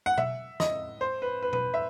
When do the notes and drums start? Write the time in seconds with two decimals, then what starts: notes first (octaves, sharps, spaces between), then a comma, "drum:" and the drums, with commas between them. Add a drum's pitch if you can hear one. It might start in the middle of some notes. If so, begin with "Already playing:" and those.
0.06 F#5
0.18 E5, drum: tom B2
0.60 D#5, drum: snare
1.01 C5
1.22 B4
1.43 B4
1.53 B4, drum: tom B2
1.74 E5